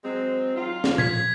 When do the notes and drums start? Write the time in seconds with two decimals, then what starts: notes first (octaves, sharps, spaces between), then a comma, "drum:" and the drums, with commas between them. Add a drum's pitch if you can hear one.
0.04 F#3 G#3 C4
0.56 D#3 F#3 F4
0.84 drum: snare
0.98 G#6 B6, drum: tom A#2